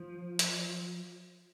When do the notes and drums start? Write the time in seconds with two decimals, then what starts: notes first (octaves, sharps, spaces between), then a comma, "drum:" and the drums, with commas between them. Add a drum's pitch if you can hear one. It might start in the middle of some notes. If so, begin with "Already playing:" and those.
Already playing: F3
0.39 drum: hi-hat